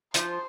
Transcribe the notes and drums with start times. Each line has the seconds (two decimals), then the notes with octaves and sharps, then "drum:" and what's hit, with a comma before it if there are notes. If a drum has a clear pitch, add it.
0.14 F3 C5, drum: hi-hat